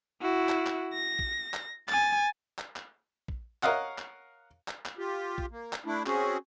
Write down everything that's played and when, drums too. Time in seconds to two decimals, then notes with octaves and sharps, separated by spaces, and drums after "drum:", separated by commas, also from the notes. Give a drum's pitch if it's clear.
0.22 E4 F#4
0.49 drum: clap
0.66 drum: clap
0.93 A#6
1.19 drum: kick
1.54 drum: clap
1.89 G#5 A6, drum: clap
2.59 drum: clap
2.76 drum: clap
3.28 drum: kick
3.63 A#4 C#5 D#5 F5 F#5, drum: clap
3.98 drum: clap
4.68 drum: clap
4.86 drum: clap
4.98 F4 G4
5.38 drum: kick
5.51 A#3
5.73 drum: clap
5.86 A3 D4 E4
6.06 C4 C#4 F#4 G#4, drum: clap